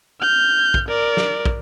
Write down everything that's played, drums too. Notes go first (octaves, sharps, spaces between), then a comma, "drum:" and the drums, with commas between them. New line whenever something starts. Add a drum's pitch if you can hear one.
F6 G6
drum: kick
A#4 D5
drum: snare
drum: kick